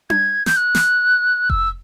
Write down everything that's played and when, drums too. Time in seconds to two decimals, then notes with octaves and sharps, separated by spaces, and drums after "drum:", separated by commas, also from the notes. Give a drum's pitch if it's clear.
0.10 G#6, drum: tom D4
0.46 G6, drum: snare
0.57 F#6
0.75 drum: snare
1.50 E6, drum: kick F1